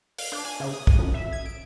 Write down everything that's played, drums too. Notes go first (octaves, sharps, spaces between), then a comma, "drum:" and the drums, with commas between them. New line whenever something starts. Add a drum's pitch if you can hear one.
F5, drum: open hi-hat
D4
G#5
C#3
D#6
drum: kick
F#2
E5
G#6
D7